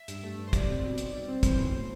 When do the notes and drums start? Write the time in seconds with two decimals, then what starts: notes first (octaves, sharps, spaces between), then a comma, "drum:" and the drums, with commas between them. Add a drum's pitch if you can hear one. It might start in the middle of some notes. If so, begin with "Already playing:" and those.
Already playing: E5
0.08 G2, drum: hi-hat
0.24 A3
0.38 G2
0.47 C5
0.53 G3 D5, drum: kick, hi-hat
0.68 C4
0.84 B2
0.98 B1, drum: hi-hat
1.13 G3
1.28 C4
1.43 E3 C5, drum: kick, hi-hat
1.59 B1
1.73 A2